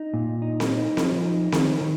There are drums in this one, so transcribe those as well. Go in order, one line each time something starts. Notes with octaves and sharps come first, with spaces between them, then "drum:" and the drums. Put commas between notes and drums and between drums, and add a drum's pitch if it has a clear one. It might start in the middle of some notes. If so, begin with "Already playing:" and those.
Already playing: D#4
A#2
D#4
drum: snare C4
D#4
F3, drum: snare C4
D#4
D#3, drum: snare C4
D#3